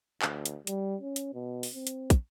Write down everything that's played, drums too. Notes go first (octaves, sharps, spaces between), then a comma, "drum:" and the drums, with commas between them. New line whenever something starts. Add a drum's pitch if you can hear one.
D2, drum: clap
drum: hi-hat
G3, drum: hi-hat
C#4
drum: hi-hat
B2
drum: open hi-hat
C4
drum: hi-hat
drum: kick, hi-hat